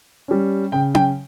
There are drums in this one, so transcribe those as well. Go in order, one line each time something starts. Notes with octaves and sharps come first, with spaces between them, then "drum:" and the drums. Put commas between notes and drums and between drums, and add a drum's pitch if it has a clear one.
G3 C#4
C#3 G5
G5, drum: tom C#4